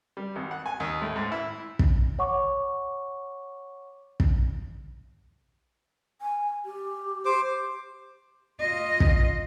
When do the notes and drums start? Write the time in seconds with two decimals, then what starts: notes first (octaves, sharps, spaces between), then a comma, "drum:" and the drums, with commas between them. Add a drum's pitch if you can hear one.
0.17 G3
0.36 G#1
0.51 F#5
0.66 G#5
0.80 D#2
1.02 A2
1.16 G#2
1.32 E4
1.79 drum: kick
2.19 C#5 F#5 C#6 D6
4.20 drum: kick
6.22 G#5
6.65 G4
7.25 C5 D6
8.60 F4 D#5
9.00 drum: kick